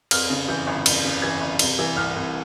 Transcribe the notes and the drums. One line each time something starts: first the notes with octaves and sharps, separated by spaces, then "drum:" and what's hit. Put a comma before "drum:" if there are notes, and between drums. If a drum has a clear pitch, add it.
F2 F6, drum: cymbal
C#3
E3 G6
G1
F2, drum: cymbal
C#3
E3 G#6
G1
C3, drum: cymbal
E3
C2 F6
C2